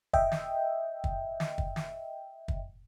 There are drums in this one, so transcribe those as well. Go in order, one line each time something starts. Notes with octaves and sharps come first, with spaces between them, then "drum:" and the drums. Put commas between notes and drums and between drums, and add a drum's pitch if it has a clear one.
D#5 E5 G5, drum: kick
drum: snare
drum: kick
drum: snare
drum: kick
drum: snare
drum: kick